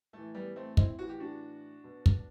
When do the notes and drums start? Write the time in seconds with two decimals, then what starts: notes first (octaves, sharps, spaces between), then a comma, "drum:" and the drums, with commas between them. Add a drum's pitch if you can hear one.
0.13 A2 E3 A3
0.34 G3 B3
0.56 A3 C4
0.77 C4 E4, drum: kick
0.99 A2 E3 F#4
1.09 G4
1.20 D4 F#4
1.84 B2
2.06 drum: kick